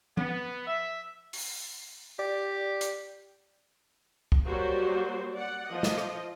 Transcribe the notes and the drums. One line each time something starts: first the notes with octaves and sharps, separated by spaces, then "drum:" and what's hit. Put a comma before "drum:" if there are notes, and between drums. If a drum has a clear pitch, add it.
B3, drum: tom F3
E5
drum: open hi-hat
G4 D5
drum: hi-hat
drum: kick
F#3 G3 A#3 F#4 G4 C5
D5 F#5
F3 D#5
drum: snare
drum: rim click